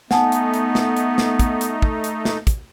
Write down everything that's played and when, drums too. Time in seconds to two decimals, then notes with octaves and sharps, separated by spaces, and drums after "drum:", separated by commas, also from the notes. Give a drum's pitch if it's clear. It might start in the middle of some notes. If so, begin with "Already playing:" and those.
0.11 A3 B3 D#4 F#5 G#5 A5, drum: snare
0.32 drum: hi-hat
0.54 drum: hi-hat
0.75 drum: snare
0.97 drum: hi-hat
1.18 drum: snare
1.39 drum: kick, hi-hat
1.61 drum: hi-hat
1.82 drum: kick
2.04 drum: hi-hat
2.25 drum: snare
2.47 drum: kick, hi-hat